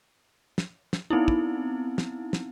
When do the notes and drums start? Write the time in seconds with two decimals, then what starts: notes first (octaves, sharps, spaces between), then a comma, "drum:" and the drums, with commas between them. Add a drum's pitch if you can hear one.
0.58 drum: snare
0.93 drum: snare
1.10 B3 C4 D#4 E4
1.28 drum: kick
1.98 drum: snare
2.33 drum: snare